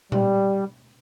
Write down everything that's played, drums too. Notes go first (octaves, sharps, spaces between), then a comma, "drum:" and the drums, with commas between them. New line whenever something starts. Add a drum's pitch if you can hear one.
G3, drum: tom A#2